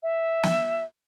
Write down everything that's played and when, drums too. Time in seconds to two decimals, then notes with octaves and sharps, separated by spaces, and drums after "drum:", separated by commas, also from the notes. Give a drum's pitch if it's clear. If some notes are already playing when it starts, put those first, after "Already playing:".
0.03 E5
0.43 drum: snare